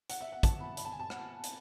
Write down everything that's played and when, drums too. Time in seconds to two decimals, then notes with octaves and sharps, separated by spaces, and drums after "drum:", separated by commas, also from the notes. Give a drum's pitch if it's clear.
0.10 F#5, drum: hi-hat
0.21 E5
0.32 F#5
0.43 A5, drum: kick, hi-hat
0.60 B5
0.77 B5, drum: hi-hat
0.85 A5
0.92 G#5
1.00 A5
1.10 F#5, drum: rim click
1.44 drum: hi-hat